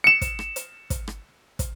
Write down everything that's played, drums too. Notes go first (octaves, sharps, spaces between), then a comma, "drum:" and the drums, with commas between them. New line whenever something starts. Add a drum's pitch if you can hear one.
C#7 E7
drum: kick, hi-hat
drum: rim click
drum: hi-hat
drum: kick, hi-hat
drum: rim click
drum: kick, hi-hat